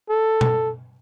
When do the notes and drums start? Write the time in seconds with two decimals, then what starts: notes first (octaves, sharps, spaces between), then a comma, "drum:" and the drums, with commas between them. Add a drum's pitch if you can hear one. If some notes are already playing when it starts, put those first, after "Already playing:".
0.10 A4
0.41 drum: tom B2